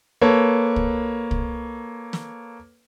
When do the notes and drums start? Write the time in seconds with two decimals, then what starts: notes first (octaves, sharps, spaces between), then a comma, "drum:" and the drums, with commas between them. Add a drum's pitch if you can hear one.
0.22 A#3 A4 B4 C#5
0.76 drum: kick
1.31 drum: kick
2.13 drum: snare